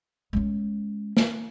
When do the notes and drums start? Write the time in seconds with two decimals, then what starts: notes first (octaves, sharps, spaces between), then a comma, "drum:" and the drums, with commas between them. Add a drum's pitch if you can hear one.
0.33 G#3 C#4
1.17 drum: snare